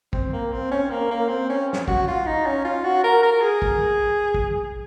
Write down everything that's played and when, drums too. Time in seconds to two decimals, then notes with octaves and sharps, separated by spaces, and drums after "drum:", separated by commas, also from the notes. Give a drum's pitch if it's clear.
0.13 C4, drum: kick
0.33 A#3
0.52 C4
0.71 C#4
0.91 A#3
1.11 A#3
1.29 C4
1.49 C#4
1.73 drum: snare
1.88 F#4, drum: kick
2.07 F4
2.26 D#4
2.46 C#4
2.64 F4
2.84 F#4
3.04 A#4
3.23 A#4
3.42 G#4
3.62 drum: kick
4.34 drum: kick